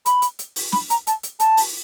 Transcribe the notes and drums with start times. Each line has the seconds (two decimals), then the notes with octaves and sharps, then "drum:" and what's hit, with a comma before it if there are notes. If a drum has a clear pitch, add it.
0.06 B5, drum: hi-hat
0.22 drum: hi-hat
0.39 drum: hi-hat
0.56 drum: open hi-hat
0.72 B5, drum: snare
0.90 A#5, drum: hi-hat
1.07 A5, drum: hi-hat
1.23 drum: hi-hat
1.40 A5, drum: hi-hat
1.57 drum: open hi-hat